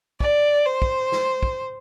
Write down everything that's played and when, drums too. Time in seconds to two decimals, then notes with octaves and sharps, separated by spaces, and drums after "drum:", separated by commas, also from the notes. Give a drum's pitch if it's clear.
0.20 D5, drum: kick
0.66 C5
0.82 drum: kick
1.12 drum: snare
1.43 drum: kick